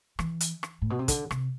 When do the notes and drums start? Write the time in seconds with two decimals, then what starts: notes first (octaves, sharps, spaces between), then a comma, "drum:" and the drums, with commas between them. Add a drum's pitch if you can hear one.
0.19 E3, drum: rim click
0.40 drum: hi-hat
0.63 drum: rim click
0.82 A2
0.90 B2
0.99 C3
1.08 D3, drum: kick, hi-hat
1.31 C3, drum: rim click